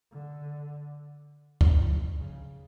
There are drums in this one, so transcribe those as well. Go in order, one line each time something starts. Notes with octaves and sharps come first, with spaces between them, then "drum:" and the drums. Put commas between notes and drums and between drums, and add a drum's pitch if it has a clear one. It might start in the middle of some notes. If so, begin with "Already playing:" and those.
D3
drum: kick
C#3